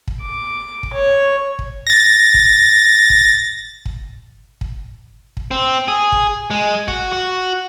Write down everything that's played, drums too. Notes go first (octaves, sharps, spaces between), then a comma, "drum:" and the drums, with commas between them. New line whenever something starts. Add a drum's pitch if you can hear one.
drum: kick
D6
drum: kick
C#5
drum: kick
A6 A#6
drum: kick
drum: kick
drum: kick
drum: kick
drum: kick
C4
G#4
drum: kick
G#3
F#4, drum: kick
F#4